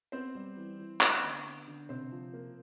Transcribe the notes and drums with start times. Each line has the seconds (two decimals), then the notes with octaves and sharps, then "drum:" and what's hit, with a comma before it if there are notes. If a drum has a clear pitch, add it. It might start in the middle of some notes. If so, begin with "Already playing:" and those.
0.12 B3 C4 C5
0.35 G3
0.57 E3
0.80 E3
1.01 B3, drum: clap
1.23 D3
1.45 B3
1.67 D3
1.89 C3 C4 C5
2.12 F3
2.33 A#3